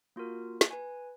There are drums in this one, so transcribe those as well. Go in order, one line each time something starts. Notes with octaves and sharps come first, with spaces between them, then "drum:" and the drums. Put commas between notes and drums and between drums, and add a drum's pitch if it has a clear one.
A#3 F4 F#4 A#4
drum: snare
B4 G#5